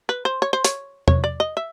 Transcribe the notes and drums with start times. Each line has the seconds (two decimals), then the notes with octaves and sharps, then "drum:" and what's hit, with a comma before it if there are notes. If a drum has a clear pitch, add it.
0.09 B4
0.25 C5
0.42 C#5
0.53 C5
0.65 C#5, drum: hi-hat
1.08 C#5, drum: tom
1.24 D5
1.40 D#5
1.57 E5